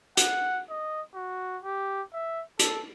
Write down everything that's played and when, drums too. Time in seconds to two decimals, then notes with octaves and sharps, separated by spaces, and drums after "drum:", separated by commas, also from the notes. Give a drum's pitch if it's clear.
0.17 F#5, drum: hi-hat
0.70 D#5
1.15 F#4
1.64 G4
2.14 E5
2.59 A4, drum: hi-hat